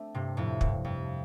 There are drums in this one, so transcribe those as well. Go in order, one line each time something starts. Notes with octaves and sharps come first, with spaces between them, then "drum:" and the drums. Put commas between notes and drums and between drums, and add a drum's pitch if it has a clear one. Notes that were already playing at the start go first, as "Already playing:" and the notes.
Already playing: A3 C4 D4
G2 C3
F2 A2
G2, drum: kick
F2